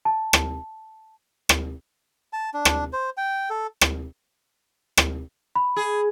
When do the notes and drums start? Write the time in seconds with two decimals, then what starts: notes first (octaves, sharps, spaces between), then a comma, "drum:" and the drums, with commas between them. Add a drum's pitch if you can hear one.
0.05 A5
0.33 drum: rim click
1.49 drum: rim click
2.33 A5
2.54 D4
2.65 drum: rim click
2.93 C5
3.17 G5
3.50 A4
3.81 drum: rim click
4.97 drum: rim click
5.56 B5
5.76 G#4